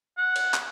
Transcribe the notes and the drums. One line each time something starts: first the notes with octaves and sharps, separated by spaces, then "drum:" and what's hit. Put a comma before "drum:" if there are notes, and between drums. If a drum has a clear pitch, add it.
F#5
drum: cymbal
drum: clap